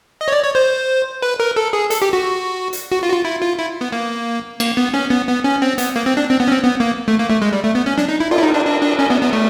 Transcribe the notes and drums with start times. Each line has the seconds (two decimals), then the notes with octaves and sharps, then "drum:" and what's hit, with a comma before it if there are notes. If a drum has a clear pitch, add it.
0.21 D#5
0.28 C#5
0.32 D5
0.43 C#5
0.55 C5
1.22 B4
1.40 A#4
1.56 A4
1.73 G#4
1.90 A4, drum: hi-hat
2.02 G4
2.13 F#4
2.73 drum: hi-hat
2.92 F#4
3.03 F4
3.09 F#4
3.13 F4
3.25 E4
3.42 F4
3.59 E4
3.81 B3
3.92 A#3
4.60 A#3, drum: cymbal
4.77 B3
4.94 C#4
5.10 B3
5.27 B3
5.44 C#4
5.62 C4
5.78 B3, drum: hi-hat
5.96 A#3
6.06 C4
6.17 D4
6.29 C4
6.40 B3
6.48 C#4
6.52 C4
6.63 B3
6.80 A#3
7.08 A3
7.19 A#3
7.30 A3
7.42 G#3
7.53 G3
7.64 A3
7.75 B3
7.86 C#4
7.98 D4, drum: snare
8.08 D#4
8.20 E4
8.31 F4, drum: cymbal
8.38 E4
8.43 D#4
8.54 D4
8.65 D4
8.82 D4
8.99 C#4
9.10 B3
9.22 B3
9.33 A3